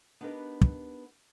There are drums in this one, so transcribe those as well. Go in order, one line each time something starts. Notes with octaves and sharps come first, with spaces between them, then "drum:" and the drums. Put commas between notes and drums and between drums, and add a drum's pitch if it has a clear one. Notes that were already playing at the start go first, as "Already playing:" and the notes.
B3 D4 D#4 G4 A#4 B4
drum: kick